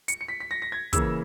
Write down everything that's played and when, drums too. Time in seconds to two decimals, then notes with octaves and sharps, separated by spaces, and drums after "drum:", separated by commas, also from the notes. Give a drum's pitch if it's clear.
0.08 C#7, drum: hi-hat
0.21 C#7
0.28 B6
0.40 B6
0.51 A#6
0.62 A#6
0.72 G#6
0.93 C#3 E3 A#3 E6, drum: kick, hi-hat